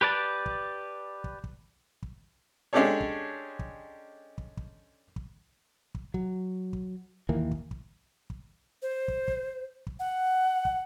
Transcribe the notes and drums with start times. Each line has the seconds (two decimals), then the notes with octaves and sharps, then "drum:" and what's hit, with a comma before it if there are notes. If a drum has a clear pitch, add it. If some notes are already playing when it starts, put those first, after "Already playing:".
0.01 G4 B4 D5 A5
0.46 drum: kick
1.24 drum: kick
1.44 drum: kick
2.03 drum: kick
2.73 G#3 C#4 D4 G4 A4 C#5
3.01 drum: kick
3.59 drum: kick
4.38 drum: kick
4.57 drum: kick
5.16 drum: kick
5.95 drum: kick
6.14 F#3, drum: kick
6.73 drum: kick
7.29 D#2 D#3 E3 A#3
7.51 drum: kick
7.71 drum: kick
8.30 drum: kick
8.82 C5
9.08 drum: kick
9.28 drum: kick
9.87 drum: kick
9.99 F#5
10.65 drum: kick